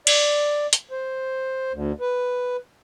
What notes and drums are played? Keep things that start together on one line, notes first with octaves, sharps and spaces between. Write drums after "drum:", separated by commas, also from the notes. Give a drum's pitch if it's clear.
D5, drum: cymbal
drum: hi-hat
C5
D2
B4